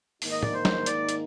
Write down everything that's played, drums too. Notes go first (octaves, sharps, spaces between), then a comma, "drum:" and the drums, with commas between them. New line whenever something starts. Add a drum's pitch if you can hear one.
G#2 D#3 A#3 D#4, drum: open hi-hat
D#5
D5, drum: tom
C5
drum: snare
D5, drum: hi-hat
drum: hi-hat